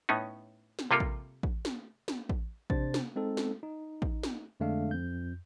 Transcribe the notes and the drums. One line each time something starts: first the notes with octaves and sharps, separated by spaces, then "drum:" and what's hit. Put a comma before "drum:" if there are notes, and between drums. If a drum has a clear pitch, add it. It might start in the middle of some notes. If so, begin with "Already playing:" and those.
A2 B3 C#4 D#4
drum: snare
C3 G3 A#3 F4 A4 A#4
drum: kick A1
drum: kick A1
drum: snare
drum: snare
drum: kick A1
C3 D4 C5 A6, drum: kick A1
drum: snare
G#3 C4 D#4 A4
drum: snare
D#4
drum: kick A1
drum: snare
F2 D3 G#3 A3 D4 F5
F2 G6